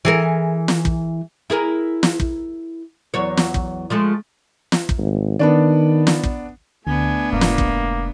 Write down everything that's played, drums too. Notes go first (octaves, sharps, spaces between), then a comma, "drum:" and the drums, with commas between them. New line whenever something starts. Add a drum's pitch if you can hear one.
E3 G#4 A#4
drum: snare
drum: kick
E4 G#4 A#4
drum: snare
drum: kick
E2 F#3 C#5
drum: snare
drum: kick
F3 G#3 A3
drum: snare
drum: kick
G#1
D#3 B3 D4 D5
drum: snare
drum: kick
D2 D3 A3 B3 D4 G#5
F1 G#2 A#3
drum: snare
drum: kick